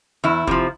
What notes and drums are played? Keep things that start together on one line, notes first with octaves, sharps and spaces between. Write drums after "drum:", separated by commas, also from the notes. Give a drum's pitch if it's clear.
E2 E4
C3 F3, drum: kick